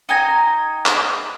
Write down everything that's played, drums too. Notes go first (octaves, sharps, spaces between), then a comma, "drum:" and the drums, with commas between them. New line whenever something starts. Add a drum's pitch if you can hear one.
D#4 G5 G#5 A#5
drum: clap